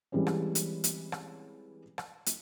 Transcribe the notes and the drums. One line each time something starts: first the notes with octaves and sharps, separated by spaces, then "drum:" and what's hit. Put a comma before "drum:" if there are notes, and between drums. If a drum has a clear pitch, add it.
E3 G3 G#3 C4 C#4
drum: rim click
drum: hi-hat
drum: hi-hat
drum: rim click
drum: rim click
drum: hi-hat